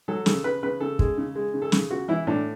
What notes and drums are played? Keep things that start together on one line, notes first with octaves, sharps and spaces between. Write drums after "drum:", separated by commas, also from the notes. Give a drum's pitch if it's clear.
F#3 A4
C#3 A4, drum: snare
C#3 B4
C#3 B4
C#3 A4
G#3, drum: kick
C#3
G#3
C#3
A4
C#3 G#4, drum: snare
C#3 F#4
E3 E4
A2 D4